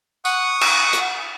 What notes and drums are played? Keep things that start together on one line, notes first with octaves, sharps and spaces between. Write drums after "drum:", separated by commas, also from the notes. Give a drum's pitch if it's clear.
F#5 C#6 D#6 F#6, drum: tambourine
drum: cymbal
drum: hi-hat